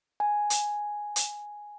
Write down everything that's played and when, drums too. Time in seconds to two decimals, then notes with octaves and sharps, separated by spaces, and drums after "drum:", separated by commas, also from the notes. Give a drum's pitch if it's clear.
0.20 G#5
0.50 drum: hi-hat
1.16 drum: hi-hat